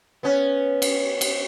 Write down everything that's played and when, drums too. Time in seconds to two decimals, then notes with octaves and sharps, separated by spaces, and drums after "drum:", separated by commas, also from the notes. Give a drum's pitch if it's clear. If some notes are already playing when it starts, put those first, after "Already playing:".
0.23 B3 C#4
0.82 drum: cymbal
1.21 drum: cymbal